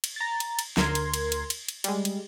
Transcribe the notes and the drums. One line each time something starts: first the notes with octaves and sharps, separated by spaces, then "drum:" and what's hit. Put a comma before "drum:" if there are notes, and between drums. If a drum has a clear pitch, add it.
drum: cymbal
A#5 A6
drum: cymbal
drum: cymbal
D2 A#4 C6 G#6, drum: snare
drum: cymbal
drum: cymbal
drum: cymbal
drum: cymbal
drum: cymbal
G3 G#3, drum: cymbal
drum: cymbal